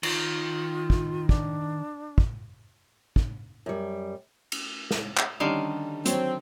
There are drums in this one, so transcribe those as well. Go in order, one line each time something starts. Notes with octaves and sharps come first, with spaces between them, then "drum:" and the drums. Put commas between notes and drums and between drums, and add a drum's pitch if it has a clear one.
D#3 F4, drum: cymbal
drum: kick
D4, drum: kick
drum: kick
drum: kick
F#2 G3
drum: cymbal
drum: snare
drum: clap
D3 D#3 G3 C#4 F5
F#3 C4 C#5, drum: hi-hat